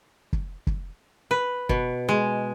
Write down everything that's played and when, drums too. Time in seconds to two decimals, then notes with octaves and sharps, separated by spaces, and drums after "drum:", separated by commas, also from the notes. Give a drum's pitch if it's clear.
0.33 drum: kick
0.67 drum: kick
1.31 B4
1.69 B2, drum: kick
2.09 G#3